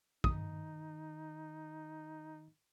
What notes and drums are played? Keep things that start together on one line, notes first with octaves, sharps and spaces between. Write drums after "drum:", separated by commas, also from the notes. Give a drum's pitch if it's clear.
D#3 D#4 D#6, drum: kick